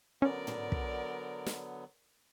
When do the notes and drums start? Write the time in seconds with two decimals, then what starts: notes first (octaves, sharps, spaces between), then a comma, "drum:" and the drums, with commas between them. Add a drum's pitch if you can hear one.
0.22 D3 F#3 B3 C#4 A#4 D5
0.47 drum: tom
0.72 drum: kick
1.46 drum: snare